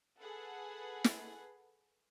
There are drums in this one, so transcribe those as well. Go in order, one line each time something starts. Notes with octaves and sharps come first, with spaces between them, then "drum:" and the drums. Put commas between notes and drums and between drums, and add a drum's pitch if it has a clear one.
G#4 A4 B4 F#5
drum: snare